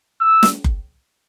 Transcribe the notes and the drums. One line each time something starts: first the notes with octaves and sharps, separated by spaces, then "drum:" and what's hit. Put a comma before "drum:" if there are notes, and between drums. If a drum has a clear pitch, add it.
E6
drum: snare
drum: kick F#1